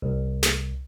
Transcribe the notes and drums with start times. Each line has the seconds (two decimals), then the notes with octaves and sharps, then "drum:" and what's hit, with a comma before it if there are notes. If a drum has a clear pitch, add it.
0.02 C2
0.43 drum: snare